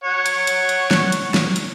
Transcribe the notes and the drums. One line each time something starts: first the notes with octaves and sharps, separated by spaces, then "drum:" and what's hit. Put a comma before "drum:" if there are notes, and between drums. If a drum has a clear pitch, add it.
C#5 F#5
drum: hi-hat
drum: hi-hat
drum: hi-hat
drum: snare
drum: hi-hat
drum: snare
drum: hi-hat